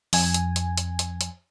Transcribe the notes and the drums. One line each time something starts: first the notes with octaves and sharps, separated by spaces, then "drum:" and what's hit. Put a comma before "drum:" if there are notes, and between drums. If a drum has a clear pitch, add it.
F2 G#5, drum: open hi-hat
drum: hi-hat
drum: hi-hat
drum: hi-hat
drum: hi-hat
drum: hi-hat